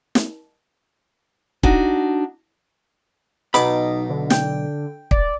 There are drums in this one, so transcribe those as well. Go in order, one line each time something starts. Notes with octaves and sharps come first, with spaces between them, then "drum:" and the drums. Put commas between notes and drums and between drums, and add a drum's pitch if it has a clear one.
drum: snare
D4 D#4 F#4, drum: kick
B1 B2 D#4 B5 D6, drum: hi-hat
D3
G5, drum: snare
D5, drum: kick